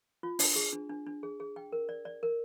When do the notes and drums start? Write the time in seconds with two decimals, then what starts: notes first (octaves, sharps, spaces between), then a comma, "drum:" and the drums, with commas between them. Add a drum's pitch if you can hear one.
0.23 F4
0.39 D4, drum: open hi-hat
0.56 G#4
0.73 D4
0.89 D4
1.06 D4
1.23 G#4
1.40 G#4
1.56 G5
1.72 A#4
1.89 D5
2.05 D5
2.23 A#4